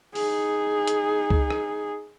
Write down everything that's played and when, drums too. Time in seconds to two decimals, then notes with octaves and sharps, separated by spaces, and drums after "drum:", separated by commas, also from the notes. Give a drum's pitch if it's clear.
0.15 D#4 G#4, drum: open hi-hat
0.87 drum: hi-hat
1.30 drum: kick C#2
1.50 drum: rim click